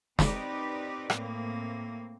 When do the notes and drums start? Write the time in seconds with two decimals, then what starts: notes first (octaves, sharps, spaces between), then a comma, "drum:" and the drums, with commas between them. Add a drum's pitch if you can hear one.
0.19 C4 D#4 G4 B4 D5, drum: snare
1.10 A2 A#3 C4, drum: rim click